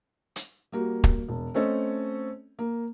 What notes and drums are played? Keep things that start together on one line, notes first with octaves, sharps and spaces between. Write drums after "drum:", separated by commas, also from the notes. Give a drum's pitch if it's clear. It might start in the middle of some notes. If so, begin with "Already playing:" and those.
drum: hi-hat
G3 A#3 F#4
drum: kick
E1
A3 C4 C#4 A4 D#5
A#3